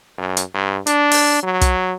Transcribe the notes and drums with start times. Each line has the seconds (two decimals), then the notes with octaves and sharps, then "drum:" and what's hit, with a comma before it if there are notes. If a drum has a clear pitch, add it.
0.18 F#2
0.37 drum: hi-hat
0.54 G2
0.87 D4, drum: hi-hat
1.12 drum: open hi-hat
1.43 F#3
1.61 drum: kick, hi-hat